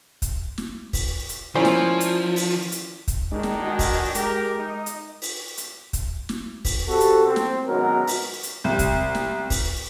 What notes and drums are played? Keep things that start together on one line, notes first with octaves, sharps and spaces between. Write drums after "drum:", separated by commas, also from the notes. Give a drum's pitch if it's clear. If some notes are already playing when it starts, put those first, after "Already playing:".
drum: kick, hi-hat
drum: snare
drum: kick, open hi-hat
drum: hi-hat
F3 C#4 E4 A#4 C5 D5 G#5
drum: snare
drum: hi-hat
drum: open hi-hat
drum: hi-hat
drum: kick, hi-hat
D#3 G#3 D4 D#4 A#4
drum: snare
F#4 D#5 G#5
drum: kick, open hi-hat
G#3 G4 A#4, drum: hi-hat
D#4 D#5
drum: hi-hat
drum: open hi-hat
drum: hi-hat
drum: kick, hi-hat
drum: snare
drum: kick, open hi-hat
C3 F#4 A4
drum: hi-hat
C4
drum: snare
G#1 F#2 B2 F#3 A#4
drum: open hi-hat
drum: hi-hat
C2
drum: kick, hi-hat
drum: snare
drum: kick, open hi-hat